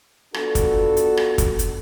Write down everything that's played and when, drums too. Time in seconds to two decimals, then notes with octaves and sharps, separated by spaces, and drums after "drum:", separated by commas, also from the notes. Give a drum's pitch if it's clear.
0.34 B3 D4 F4 F#4 A4, drum: rim click
0.55 drum: kick, hi-hat
0.97 drum: hi-hat
1.17 drum: rim click
1.38 drum: kick, hi-hat
1.59 drum: hi-hat